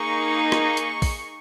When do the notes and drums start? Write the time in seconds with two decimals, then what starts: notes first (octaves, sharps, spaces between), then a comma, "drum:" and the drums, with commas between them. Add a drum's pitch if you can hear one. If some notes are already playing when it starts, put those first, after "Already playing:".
Already playing: A#3 D#4 G#4 C#6
0.52 C#6, drum: rim click
0.77 drum: hi-hat
1.02 drum: kick A#1, open hi-hat